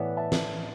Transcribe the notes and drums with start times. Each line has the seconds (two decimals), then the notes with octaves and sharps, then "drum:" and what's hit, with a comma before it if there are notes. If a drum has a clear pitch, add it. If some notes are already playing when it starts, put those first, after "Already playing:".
Already playing: A2 E3 B3 D5 E5 F#5
0.17 E5 A5
0.32 drum: snare